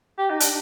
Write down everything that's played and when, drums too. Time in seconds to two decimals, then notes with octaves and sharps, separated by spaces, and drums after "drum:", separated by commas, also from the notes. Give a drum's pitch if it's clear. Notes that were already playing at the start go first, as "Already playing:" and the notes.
0.19 G4
0.30 D#4
0.40 D4, drum: hi-hat